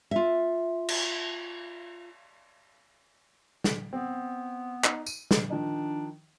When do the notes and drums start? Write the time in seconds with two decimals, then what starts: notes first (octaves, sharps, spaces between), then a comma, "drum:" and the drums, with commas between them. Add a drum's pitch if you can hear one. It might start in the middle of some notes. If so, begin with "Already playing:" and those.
0.11 F4 E5
0.89 drum: cymbal
3.64 drum: snare
3.93 B3 C4
4.84 D#4, drum: clap
5.06 D#7, drum: tambourine
5.31 drum: snare
5.50 D#3 F3 D4 D#4